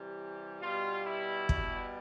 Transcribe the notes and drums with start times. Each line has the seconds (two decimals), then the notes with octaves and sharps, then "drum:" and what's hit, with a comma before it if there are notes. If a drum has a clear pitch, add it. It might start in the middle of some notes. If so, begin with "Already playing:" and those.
Already playing: C3 E3 G3
0.61 B2 G3 F4
1.06 E4
1.49 B2 G3, drum: kick